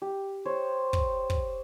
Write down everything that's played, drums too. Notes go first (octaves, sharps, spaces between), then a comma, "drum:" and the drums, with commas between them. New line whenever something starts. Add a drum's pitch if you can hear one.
G4
C5 C#5
drum: kick
drum: kick